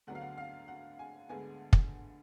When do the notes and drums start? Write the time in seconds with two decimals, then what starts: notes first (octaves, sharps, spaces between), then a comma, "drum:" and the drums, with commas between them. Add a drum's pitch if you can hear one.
0.07 D2 D3 F#3 B3 F#5
0.15 F5
0.21 F#5
0.38 F5
0.68 F#5
0.99 G#5
1.29 D2 D3 G#3 B3 G#5
1.73 drum: kick